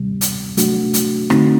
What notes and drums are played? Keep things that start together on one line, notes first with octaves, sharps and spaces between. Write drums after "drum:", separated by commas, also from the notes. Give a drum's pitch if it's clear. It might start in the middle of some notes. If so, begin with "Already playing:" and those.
Already playing: D2 C3 D#3 G3
drum: hi-hat
C3 F#3 A3 D4 F#4, drum: hi-hat
drum: hi-hat
D3 A3 C4 D#4 F#4, drum: rim click